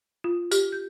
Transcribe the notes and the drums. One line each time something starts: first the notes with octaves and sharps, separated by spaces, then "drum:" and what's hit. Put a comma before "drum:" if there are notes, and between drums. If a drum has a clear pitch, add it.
F4
G4, drum: tambourine
G6